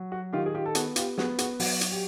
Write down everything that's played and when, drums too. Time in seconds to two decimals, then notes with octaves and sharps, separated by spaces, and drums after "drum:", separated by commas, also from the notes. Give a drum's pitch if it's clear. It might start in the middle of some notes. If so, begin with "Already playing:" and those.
Already playing: F#3
0.12 F#4
0.33 D#3 F4 G4
0.46 G#4
0.55 F4 G4
0.66 A4
0.75 B3 F#4 G#4, drum: hi-hat
0.96 F4 G4, drum: hi-hat
1.18 B3 F#4 G#4, drum: snare
1.38 F#4 G#4, drum: hi-hat
1.60 F#3 F#4, drum: open hi-hat
1.81 drum: hi-hat
1.91 G4